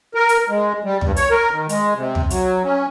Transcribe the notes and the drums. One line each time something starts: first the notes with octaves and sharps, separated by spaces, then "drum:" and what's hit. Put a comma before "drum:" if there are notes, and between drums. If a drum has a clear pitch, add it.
A#4
drum: hi-hat
G#3
G3
G2, drum: tom
C#5, drum: hi-hat
A#4
D#3
G#3, drum: hi-hat
C3
drum: tom
F#3, drum: hi-hat
C#4